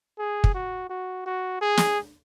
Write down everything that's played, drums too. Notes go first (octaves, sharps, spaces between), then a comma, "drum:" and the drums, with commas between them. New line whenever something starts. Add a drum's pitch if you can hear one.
G#4
drum: kick
F#4
F#4
F#4
G#4
drum: snare